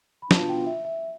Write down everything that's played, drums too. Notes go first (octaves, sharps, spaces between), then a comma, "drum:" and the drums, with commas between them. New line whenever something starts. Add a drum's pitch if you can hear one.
B5
B2 B3 D4 F4 A5, drum: snare
G5
E5
E5